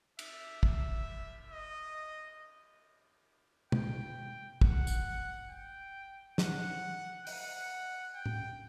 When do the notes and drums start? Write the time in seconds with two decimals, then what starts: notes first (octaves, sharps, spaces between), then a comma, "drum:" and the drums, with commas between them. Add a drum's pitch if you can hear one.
0.19 E5, drum: cymbal
0.63 E5, drum: kick
1.51 D#5
3.72 G5, drum: tom
4.61 F#5, drum: kick
4.87 drum: tambourine
5.50 G5
6.38 F#5, drum: snare
7.27 F#5, drum: open hi-hat
8.15 G5
8.26 drum: tom